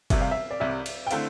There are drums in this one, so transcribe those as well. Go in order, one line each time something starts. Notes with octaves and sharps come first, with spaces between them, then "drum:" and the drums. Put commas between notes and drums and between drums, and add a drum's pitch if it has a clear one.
C2 C3 G3 E5, drum: kick F#1, cymbal
F5
E5
D5
C2 C3 G3 E5
drum: cymbal
G5
D3 A3 C4 E4 F5, drum: cymbal